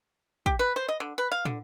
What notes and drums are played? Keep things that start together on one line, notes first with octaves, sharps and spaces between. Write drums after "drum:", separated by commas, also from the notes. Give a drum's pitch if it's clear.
G4, drum: kick
B4
C5
D#5
D3
B4
F5
D3, drum: tom